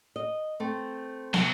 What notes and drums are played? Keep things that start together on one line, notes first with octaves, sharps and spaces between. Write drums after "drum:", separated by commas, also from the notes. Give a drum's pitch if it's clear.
D#5
A3 C4
C3 F#3, drum: snare